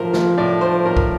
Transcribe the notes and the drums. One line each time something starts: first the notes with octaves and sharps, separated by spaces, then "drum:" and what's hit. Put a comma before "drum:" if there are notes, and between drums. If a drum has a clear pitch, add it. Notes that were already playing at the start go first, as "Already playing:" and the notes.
Already playing: A2 F3 A#4 C5
F3, drum: snare
A2 D5
F3 C5
A2 A#4
drum: kick